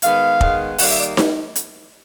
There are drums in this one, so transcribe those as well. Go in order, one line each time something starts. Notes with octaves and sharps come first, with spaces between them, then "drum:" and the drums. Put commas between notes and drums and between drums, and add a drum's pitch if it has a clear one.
D#3 G#3 B3 F5, drum: hi-hat
D#3 G#3 B3, drum: kick
D#3 G3 A#3 F#5, drum: open hi-hat
E5
D5
drum: snare D#4
drum: hi-hat